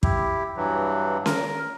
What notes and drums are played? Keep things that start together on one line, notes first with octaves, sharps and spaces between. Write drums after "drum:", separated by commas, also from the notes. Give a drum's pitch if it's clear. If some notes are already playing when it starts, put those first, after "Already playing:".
E4 G4, drum: kick
G2 E3 F#3
A#4, drum: snare C#4